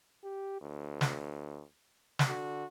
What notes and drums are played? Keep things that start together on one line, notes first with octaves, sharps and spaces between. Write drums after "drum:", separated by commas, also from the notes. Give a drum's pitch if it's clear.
G4
D2
drum: snare
drum: snare
D3 F#4